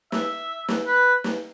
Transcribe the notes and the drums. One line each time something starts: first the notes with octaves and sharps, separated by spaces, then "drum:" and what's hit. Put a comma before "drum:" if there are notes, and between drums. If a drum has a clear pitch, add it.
E5, drum: snare
drum: snare
B4
drum: snare